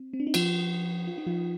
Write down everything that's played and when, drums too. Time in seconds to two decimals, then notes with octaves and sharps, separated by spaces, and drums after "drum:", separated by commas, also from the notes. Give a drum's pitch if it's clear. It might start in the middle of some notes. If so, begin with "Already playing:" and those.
Already playing: C4
0.13 C4
0.20 D4
0.27 D#4
0.34 F3 F4, drum: cymbal
1.07 F4
1.18 D#4
1.26 F3 F4